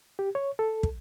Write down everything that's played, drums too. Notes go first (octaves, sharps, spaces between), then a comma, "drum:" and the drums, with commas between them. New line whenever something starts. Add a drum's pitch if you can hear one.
G4
C#5
A4
drum: kick